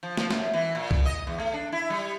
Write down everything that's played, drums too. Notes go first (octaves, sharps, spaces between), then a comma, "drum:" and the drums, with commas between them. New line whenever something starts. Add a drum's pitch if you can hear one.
F3
F3, drum: snare
F#2, drum: snare
E3
A#2
drum: kick
D#5
E2
A3
D4
E4
G3